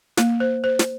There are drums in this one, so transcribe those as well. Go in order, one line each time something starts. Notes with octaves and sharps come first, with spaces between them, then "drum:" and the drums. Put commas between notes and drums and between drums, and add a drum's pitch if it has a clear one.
A#3, drum: snare
C5
C5
drum: snare